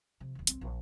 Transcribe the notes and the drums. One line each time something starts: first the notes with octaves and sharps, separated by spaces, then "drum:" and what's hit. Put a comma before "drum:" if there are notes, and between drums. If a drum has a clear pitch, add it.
C3 F3
D1 D#2
B1 C4, drum: hi-hat
A#1